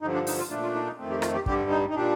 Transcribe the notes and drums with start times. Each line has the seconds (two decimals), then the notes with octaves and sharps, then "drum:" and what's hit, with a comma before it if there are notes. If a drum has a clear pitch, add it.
0.01 G2 D3 F3 D#4
0.14 D4
0.27 D#4, drum: open hi-hat
0.38 F4
0.50 A#2 A3 D4 F4
0.63 F4
0.75 D#4
0.86 D#4
0.98 F2 D#3 A3 C4
1.11 G4
1.22 F4, drum: rim click
1.35 G4
1.46 G2 D3 G3 G4, drum: kick
1.70 D#4
1.90 D#4
1.95 A#2 G3 D4